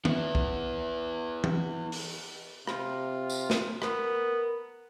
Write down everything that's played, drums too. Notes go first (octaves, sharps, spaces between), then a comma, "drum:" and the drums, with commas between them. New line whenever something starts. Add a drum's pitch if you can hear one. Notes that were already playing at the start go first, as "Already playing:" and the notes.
B3 E4, drum: tom
drum: kick
drum: tom E3
drum: open hi-hat
C3 F4, drum: rim click
drum: tambourine
drum: snare
B3 A#4, drum: rim click